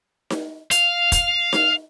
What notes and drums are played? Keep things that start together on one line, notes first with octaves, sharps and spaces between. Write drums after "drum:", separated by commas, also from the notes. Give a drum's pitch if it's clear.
drum: snare D#4
F5, drum: hi-hat
drum: kick, hi-hat
drum: snare D#4